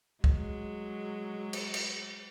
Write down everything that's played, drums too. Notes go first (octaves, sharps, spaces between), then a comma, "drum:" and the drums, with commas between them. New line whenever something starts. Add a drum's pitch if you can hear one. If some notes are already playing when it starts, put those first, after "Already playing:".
F#3 G#3, drum: kick
drum: cymbal
drum: cymbal